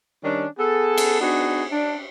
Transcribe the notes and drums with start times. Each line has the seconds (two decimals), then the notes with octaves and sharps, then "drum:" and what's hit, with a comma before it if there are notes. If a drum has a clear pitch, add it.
0.24 D#3 G3 C#4 D4
0.59 B3 G#4 A4
0.98 drum: cymbal
1.21 B3 D4 D#4 F#4 G#4
1.72 D4